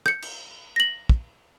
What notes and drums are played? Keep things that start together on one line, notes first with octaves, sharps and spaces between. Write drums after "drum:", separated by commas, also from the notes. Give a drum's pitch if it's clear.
G6 C#7, drum: rim click
drum: cymbal
A#6 F#7
drum: kick